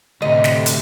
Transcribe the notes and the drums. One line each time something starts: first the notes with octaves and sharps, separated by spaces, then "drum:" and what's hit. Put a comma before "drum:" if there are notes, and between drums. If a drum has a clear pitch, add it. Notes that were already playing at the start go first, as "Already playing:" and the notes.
D2 A2 C3 D#5
drum: snare
drum: hi-hat